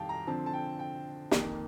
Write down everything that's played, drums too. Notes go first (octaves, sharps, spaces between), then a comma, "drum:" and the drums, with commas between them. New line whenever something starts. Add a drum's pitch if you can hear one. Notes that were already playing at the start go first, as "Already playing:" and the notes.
Already playing: F2 D#3 G3 F5 G5 A5
A#5
D3 F3 C4 A5
A5
G5
G5
F2 D#3 A#3, drum: snare